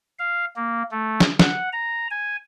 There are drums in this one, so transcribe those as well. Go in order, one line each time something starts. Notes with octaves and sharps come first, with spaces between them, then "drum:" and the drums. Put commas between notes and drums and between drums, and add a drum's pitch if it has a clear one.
F5
A#3
A3
drum: snare
F#5, drum: snare
A#5
G#5